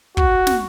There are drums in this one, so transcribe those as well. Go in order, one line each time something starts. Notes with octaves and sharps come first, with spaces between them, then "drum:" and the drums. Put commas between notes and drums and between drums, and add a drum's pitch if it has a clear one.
F#4, drum: kick
drum: snare